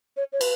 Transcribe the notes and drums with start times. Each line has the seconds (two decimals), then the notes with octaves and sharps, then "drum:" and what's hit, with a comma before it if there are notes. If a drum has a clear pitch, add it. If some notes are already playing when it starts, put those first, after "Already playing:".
0.17 C#5
0.32 C#5
0.41 B4, drum: cymbal